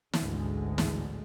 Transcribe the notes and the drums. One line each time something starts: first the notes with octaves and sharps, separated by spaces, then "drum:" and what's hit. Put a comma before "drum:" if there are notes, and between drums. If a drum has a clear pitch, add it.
A1 D2 G#2 D3 G#3, drum: snare
drum: snare